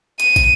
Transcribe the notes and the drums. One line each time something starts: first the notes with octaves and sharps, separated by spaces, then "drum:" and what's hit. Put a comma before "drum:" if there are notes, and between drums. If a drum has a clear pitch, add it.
D#7, drum: hi-hat
drum: kick, hi-hat